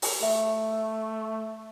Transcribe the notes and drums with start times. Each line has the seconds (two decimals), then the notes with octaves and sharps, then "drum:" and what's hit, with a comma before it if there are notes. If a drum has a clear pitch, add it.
0.02 drum: open hi-hat
0.23 A3 E5